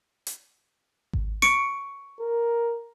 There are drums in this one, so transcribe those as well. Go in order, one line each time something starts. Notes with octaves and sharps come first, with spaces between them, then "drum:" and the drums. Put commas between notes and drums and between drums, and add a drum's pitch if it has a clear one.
drum: hi-hat
drum: kick G#1
C#6 C#7 D7, drum: snare
A#4